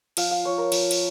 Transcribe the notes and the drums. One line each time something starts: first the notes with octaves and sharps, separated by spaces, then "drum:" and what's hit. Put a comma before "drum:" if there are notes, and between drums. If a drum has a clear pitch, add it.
F3 F5, drum: cymbal
F5
F3 C#5
A#4
F3, drum: cymbal
drum: cymbal